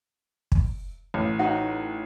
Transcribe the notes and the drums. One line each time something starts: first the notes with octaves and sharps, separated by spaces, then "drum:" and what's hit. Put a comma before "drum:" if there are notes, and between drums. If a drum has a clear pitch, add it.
drum: kick
A1
D#4 F#4